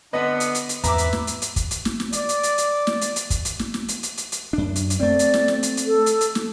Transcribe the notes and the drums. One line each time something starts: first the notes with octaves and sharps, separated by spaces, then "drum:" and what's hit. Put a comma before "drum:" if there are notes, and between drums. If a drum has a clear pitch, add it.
D3 B3 D4 B4 D#5
drum: hi-hat
drum: hi-hat
drum: hi-hat
E2 G#2 B4 E5 A#5 D6, drum: hi-hat
drum: hi-hat
drum: snare
drum: hi-hat
drum: hi-hat
drum: kick, hi-hat
drum: hi-hat
drum: snare
drum: snare
D5, drum: hi-hat
drum: hi-hat
drum: hi-hat
drum: hi-hat
drum: snare
drum: hi-hat
drum: hi-hat
drum: kick, hi-hat
drum: hi-hat
drum: snare
drum: snare
drum: hi-hat
drum: hi-hat
drum: hi-hat
drum: hi-hat
F#2 D4
drum: hi-hat
drum: hi-hat
A3 C4 D5
drum: hi-hat
drum: snare
drum: snare
drum: hi-hat
drum: hi-hat
A4
drum: hi-hat
drum: hi-hat
drum: snare